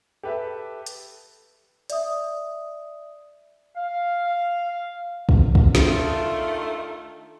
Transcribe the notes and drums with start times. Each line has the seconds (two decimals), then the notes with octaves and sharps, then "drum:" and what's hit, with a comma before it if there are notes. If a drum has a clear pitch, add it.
0.23 G4 A4 B4 E5
0.86 drum: hi-hat
1.90 D5 E5 D#6, drum: hi-hat
3.75 F5
5.29 drum: kick
5.55 drum: kick
5.75 D#3 A3 D4 F4, drum: snare